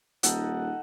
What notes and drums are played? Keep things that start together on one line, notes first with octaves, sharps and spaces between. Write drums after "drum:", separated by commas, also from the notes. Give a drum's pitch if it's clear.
D#1 D#4 A4 F#5, drum: hi-hat